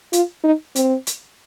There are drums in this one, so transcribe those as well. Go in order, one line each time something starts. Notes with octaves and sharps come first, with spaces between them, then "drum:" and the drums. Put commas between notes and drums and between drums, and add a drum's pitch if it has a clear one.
F4, drum: hi-hat
D#4
C4, drum: hi-hat
drum: hi-hat